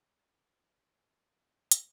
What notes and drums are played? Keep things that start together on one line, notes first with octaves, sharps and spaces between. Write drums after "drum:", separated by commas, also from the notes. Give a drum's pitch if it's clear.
D#4 C5
F#4 A4
B3
drum: hi-hat